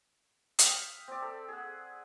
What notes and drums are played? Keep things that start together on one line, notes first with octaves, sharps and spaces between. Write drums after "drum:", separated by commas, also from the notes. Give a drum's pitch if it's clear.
E5 F5 G5 D#6, drum: hi-hat
C4 D5
A4
G#4 F#5